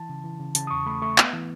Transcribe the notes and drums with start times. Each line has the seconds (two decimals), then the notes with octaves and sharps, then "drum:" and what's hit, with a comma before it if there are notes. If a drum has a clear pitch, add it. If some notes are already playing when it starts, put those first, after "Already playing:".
Already playing: E3 A5
0.09 C#3
0.24 E3
0.40 C#3
0.55 C#3 A5, drum: hi-hat
0.67 D#6
0.71 E2 C#6
0.86 A3 B5
1.02 A3 C#6
1.18 B3, drum: clap
1.33 E3